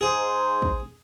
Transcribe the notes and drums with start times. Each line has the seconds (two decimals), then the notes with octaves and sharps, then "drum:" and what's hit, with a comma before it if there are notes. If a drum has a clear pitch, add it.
0.01 G#2 G#4 C5
0.62 drum: kick